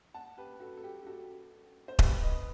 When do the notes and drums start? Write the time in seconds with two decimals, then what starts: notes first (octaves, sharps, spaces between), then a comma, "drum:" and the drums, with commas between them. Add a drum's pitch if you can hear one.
0.14 F#5 A5
0.38 G4 B4
0.60 F#4 A4
0.77 A4
0.84 G4
1.03 G4
1.06 F#4 A4
1.88 C5
1.99 G4 B4, drum: kick D#1
2.22 B4 D#5